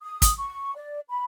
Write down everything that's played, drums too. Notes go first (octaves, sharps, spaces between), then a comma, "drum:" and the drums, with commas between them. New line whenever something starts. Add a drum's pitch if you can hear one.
D#6
drum: kick, hi-hat
C#6
D5
B5